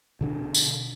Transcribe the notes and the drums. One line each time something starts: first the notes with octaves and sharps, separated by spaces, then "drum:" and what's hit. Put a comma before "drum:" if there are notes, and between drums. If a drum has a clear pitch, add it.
B2 D3 D4
drum: tambourine